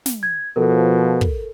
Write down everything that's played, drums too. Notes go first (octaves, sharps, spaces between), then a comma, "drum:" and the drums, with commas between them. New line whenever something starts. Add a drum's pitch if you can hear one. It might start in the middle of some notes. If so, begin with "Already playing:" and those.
drum: snare
G#6
B2 F3 A4 A#4
drum: kick